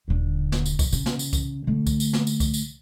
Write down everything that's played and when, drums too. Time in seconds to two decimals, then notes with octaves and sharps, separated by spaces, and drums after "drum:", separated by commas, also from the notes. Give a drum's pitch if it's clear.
0.08 D#1 D3
0.52 drum: snare
0.66 drum: tambourine
0.79 drum: kick C2, tambourine
0.92 C#3, drum: tambourine
1.06 drum: snare
1.19 drum: tambourine
1.33 drum: kick C2, tambourine
1.67 D3 A3
1.87 drum: kick C2, tambourine
2.00 drum: tambourine
2.13 drum: snare
2.27 drum: tambourine
2.40 drum: kick C2, tambourine
2.54 drum: tambourine